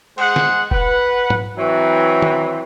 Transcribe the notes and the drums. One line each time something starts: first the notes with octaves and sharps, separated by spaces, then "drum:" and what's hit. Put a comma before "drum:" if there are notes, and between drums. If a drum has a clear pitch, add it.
G#3 G#4 C5 F#5, drum: cymbal
drum: snare
B4 F#5, drum: kick E1
drum: tom G#2
E3 F#3 C4
drum: tom